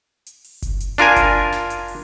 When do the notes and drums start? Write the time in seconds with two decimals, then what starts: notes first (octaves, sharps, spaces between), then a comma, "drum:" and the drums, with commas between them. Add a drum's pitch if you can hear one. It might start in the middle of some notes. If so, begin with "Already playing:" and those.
0.26 drum: hi-hat
0.44 drum: open hi-hat
0.62 drum: kick F#1, hi-hat
0.80 drum: hi-hat
0.98 D4 F4 A#4 G#5, drum: snare
1.16 drum: kick F#1, hi-hat
1.52 drum: snare
1.70 drum: hi-hat
1.88 drum: open hi-hat